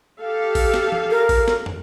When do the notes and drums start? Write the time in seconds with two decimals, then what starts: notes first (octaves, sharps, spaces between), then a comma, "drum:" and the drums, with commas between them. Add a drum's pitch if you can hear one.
0.20 G4 A4 F5
0.55 drum: kick A1, open hi-hat
0.74 drum: snare
0.92 drum: tom E3
1.11 A#4
1.29 drum: kick A1, open hi-hat
1.48 drum: snare
1.66 drum: tom